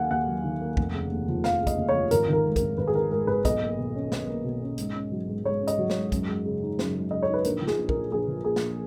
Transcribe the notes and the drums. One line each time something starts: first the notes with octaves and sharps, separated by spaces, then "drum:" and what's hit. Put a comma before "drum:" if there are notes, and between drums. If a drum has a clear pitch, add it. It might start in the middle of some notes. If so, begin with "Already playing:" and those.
Already playing: D#2 D#3 F#3 A#3 F5 F#5 G#5
D#2 F#5
F#3
D#3
A#3
F1, drum: kick
C#3
D#2
F3
F1 F5, drum: snare
C#3
D#5, drum: kick, hi-hat
D#2
C#5
F3
G#1 A#4, drum: hi-hat
D#3 A#4
G#2
A#4, drum: kick, hi-hat
G#1
G#1 B4
G#4
D#3 A#4
G#2 A#4
G#1 B4
B1 D#5, drum: kick, hi-hat
A#3
B2
C#4
B1, drum: snare
A#3
B2
C#4
G#2, drum: hi-hat
C#4
F#3
G#2
G#2 C#5
C#4
D#5, drum: hi-hat
F#3
G#2 C#5, drum: snare
F#2, drum: kick, hi-hat
G#3
C#3
D#4
F#2, drum: snare
G#3
C#3 D#5
C#5
D#4
B4
A#1 A#4, drum: hi-hat
F3
G#4, drum: snare
A#2
A#4, drum: kick
A#1
A#1 G#4
F3
A#2 G#4
drum: snare